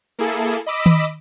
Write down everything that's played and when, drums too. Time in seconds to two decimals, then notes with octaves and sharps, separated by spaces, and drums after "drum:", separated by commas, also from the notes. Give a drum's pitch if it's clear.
0.19 A#3 E4 G#4 A4
0.66 D#5 B5 D6 E6 B6
0.86 drum: tom D#3